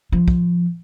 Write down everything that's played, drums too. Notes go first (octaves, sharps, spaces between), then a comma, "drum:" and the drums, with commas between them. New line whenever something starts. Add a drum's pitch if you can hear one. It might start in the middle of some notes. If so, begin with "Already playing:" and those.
F3
drum: kick